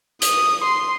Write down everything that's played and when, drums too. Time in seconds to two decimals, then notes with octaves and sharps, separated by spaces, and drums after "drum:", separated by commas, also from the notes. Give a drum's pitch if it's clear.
0.22 D#6, drum: hi-hat
0.64 C6